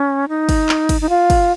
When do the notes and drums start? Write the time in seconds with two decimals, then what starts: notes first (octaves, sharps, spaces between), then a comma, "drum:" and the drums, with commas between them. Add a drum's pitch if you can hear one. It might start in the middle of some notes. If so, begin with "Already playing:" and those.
Already playing: C#4
0.29 D#4
0.49 drum: kick, cymbal
0.69 drum: clap
0.89 drum: kick, cymbal
1.01 D#4
1.10 F4
1.30 drum: kick, cymbal